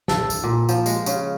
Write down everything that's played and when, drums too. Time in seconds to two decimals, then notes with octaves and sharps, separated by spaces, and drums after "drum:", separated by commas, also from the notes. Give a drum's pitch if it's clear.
0.08 A4, drum: snare
0.30 drum: tambourine
0.44 A#2
0.69 F3, drum: tambourine
0.86 G#3, drum: tambourine
1.06 C#3, drum: tambourine